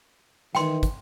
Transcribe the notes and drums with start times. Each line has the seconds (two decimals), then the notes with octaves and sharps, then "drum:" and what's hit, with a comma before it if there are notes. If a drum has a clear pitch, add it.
0.55 D#3 E3 G5 C6, drum: snare
0.83 drum: kick, hi-hat